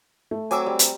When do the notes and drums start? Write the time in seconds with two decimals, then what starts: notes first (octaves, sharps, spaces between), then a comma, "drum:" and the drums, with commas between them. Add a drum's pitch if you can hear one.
0.31 A3
0.51 F#3 C4 G#5 D6 E6
0.66 G3
0.79 drum: hi-hat